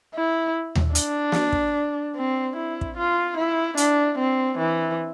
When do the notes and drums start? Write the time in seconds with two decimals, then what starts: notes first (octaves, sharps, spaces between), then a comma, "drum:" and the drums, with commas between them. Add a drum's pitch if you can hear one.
0.15 E4
0.75 drum: tom D#2
0.95 D4, drum: hi-hat
1.32 drum: snare
1.52 drum: kick
2.16 C4
2.56 E4
2.81 drum: kick
2.97 F4
3.37 E4
3.77 D4, drum: hi-hat
4.18 C4
4.58 E3